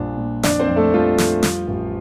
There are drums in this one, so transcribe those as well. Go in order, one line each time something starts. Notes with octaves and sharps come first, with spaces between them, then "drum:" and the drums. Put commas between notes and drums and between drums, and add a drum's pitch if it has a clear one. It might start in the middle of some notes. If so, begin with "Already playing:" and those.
Already playing: A#1 A#2 G3 D4
A#2
F2 D4 D5, drum: snare
C4 C5
F2
A3 A4
F3 G3 F4
F2, drum: snare
G3, drum: snare
A1